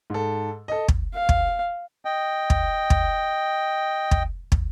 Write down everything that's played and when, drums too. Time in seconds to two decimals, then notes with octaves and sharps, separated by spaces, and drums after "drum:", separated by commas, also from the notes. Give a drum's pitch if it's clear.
0.10 G#2 A4
0.68 A4 D#5
0.88 drum: kick
1.15 F5
1.29 drum: kick
2.05 D#5 G5
2.50 drum: kick
2.90 drum: kick
4.11 drum: kick
4.52 drum: kick